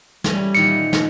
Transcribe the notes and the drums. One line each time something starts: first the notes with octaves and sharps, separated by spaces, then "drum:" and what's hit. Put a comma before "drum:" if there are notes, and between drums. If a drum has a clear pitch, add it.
E3 G3 C#4, drum: snare
A#2 D#3 E3 C#7
drum: snare